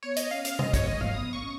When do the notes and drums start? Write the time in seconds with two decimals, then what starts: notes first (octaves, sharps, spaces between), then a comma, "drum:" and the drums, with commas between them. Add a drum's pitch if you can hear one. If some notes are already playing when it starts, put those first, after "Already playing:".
0.03 B3 C#5
0.16 D#5, drum: hi-hat
0.30 C#4 F5
0.45 F5, drum: hi-hat
0.59 A#3 D#5, drum: tom
0.74 C#5, drum: kick, hi-hat
0.86 G#3 D#5
1.01 F5, drum: tom G#2
1.14 B3 D#6
1.33 C#6
1.42 C#4